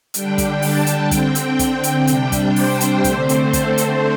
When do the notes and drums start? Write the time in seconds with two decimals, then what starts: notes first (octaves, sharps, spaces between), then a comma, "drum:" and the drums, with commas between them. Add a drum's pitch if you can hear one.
0.14 D3 G3 D4 G5, drum: hi-hat
0.38 drum: kick, hi-hat
0.62 A5, drum: open hi-hat
0.87 drum: hi-hat
1.11 D3 C4 G5, drum: kick, hi-hat
1.35 drum: hi-hat
1.59 drum: kick, hi-hat
1.84 drum: hi-hat
2.07 C3 G3 D4 G5, drum: hi-hat
2.32 drum: kick, hi-hat
2.56 C5, drum: open hi-hat
2.81 drum: hi-hat
3.04 D3 A3 C4, drum: kick, hi-hat
3.29 drum: hi-hat
3.53 A4, drum: kick, hi-hat
3.78 drum: hi-hat